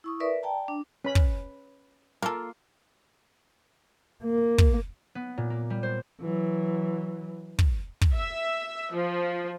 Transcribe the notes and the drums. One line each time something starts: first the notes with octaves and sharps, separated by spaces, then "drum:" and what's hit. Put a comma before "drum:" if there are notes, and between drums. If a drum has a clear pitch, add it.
E4 C#6 D#6
A#4 B4 D5 E5
D5 G5 A5 A#5
D4
C#4 B4 B5
drum: kick
A#3 F4 A4 A#4 F5
A#3
drum: kick
B3
A#2
A#3
G3
C5
E3 F#3
drum: kick
drum: kick
E5
F3